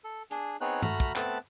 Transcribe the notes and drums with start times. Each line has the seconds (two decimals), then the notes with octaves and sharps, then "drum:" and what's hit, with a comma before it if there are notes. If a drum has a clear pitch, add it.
0.04 A4
0.31 D4 G#4, drum: hi-hat
0.61 B3 C4 D#4 G#4 C#5 F#6
0.82 A3 F#4 A#5 B5 F6, drum: tom G2
1.00 drum: kick, hi-hat
1.16 A3 B3 C4 A5 F#6, drum: clap